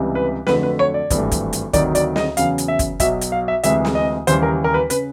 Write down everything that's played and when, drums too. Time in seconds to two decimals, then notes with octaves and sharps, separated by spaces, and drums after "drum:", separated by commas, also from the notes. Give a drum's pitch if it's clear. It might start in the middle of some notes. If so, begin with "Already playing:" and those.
Already playing: C#2 C3 E3 G3
0.15 B4
0.47 F2 D3 F#3 A3 B4, drum: snare
0.63 B4
0.79 C#5
0.94 D5
1.10 G#1 G2 E3 A3, drum: kick, hi-hat
1.32 drum: kick, hi-hat
1.53 drum: hi-hat
1.73 D2 C3 D#3 F#3 D5, drum: kick, hi-hat
1.95 D5, drum: hi-hat
2.16 D#5, drum: snare
2.37 E2 C#3 F#3 F5, drum: hi-hat
2.58 drum: hi-hat
2.68 E5
2.79 drum: kick, hi-hat
3.00 B1 B2 F#3 E5, drum: kick, hi-hat
3.21 drum: hi-hat
3.32 F5
3.48 E5
3.63 D2 C3 E3 G#3 E5, drum: hi-hat
3.85 drum: snare
3.95 D#5
4.27 D#2 C#3 E3 G3 C5, drum: hi-hat
4.43 A#4
4.64 A#4
4.74 B4
4.90 C#3 B4, drum: hi-hat